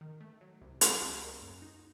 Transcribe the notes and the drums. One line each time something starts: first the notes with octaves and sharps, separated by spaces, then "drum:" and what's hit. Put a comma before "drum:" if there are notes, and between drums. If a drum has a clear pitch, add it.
D#3
A3
F#3
C2
F#3, drum: hi-hat
C#2
A#3
F#2
D#4